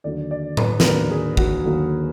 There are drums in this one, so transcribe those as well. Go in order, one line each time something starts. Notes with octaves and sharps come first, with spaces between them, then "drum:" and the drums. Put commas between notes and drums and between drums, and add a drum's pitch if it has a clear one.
D#2 D3 F#3 D5
D5
B4, drum: tom A2
B4, drum: snare
D#2 D3 F#3 A#4
G#4
F#4, drum: kick
D#2 D3 F#3